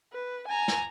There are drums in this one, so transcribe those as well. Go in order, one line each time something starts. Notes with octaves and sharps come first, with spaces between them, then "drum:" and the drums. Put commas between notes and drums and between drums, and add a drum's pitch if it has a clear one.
B4
G#5 A#5
drum: snare